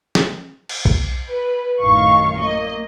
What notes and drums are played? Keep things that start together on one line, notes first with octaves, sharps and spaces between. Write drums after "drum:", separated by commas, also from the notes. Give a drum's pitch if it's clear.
drum: snare
drum: cymbal
drum: kick B1
B4
A1 F#2 D#3 F5 C#6
A#3 D#5